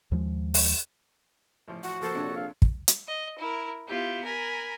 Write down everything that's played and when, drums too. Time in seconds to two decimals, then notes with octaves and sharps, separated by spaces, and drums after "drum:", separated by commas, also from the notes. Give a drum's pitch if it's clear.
0.12 D#2 F3 G#3
0.54 drum: open hi-hat
1.68 A1 F3
1.84 F#4 F#5
2.02 F3 A#3 A4 C5
2.15 A#1 C3 D4 C#5
2.36 F5
2.62 drum: kick
2.88 drum: hi-hat
3.07 D#5
3.38 E4 A#4
3.87 B3 E4 F4 G4
4.23 A#4 G#5 B5